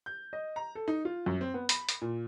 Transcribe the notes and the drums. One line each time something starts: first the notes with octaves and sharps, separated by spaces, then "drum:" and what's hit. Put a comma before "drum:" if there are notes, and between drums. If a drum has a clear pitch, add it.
G6
D#5
A#5
A4
D#4
F4
F#2
C4
B3
B5, drum: hi-hat
drum: hi-hat
A#2